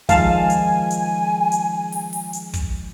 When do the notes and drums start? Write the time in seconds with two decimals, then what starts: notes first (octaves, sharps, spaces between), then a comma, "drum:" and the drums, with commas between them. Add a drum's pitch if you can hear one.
0.09 D#3 F3 G#3 F5 G#5 A5, drum: kick, hi-hat
0.50 drum: hi-hat
0.90 drum: hi-hat
1.52 drum: hi-hat
1.92 drum: open hi-hat
2.13 drum: open hi-hat
2.33 drum: hi-hat
2.53 drum: kick, hi-hat